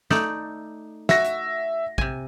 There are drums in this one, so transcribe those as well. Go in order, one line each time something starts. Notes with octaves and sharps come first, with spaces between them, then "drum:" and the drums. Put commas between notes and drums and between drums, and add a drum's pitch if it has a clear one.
A3 D#4 D5, drum: snare
F#4 E5 A#6, drum: snare
drum: hi-hat
C3 G#5, drum: kick